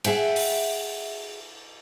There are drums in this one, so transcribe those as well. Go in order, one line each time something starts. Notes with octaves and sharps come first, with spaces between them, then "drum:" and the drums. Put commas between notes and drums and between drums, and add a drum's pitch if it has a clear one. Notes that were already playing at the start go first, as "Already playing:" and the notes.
G#4 E5 F#5 G5, drum: cymbal
drum: open hi-hat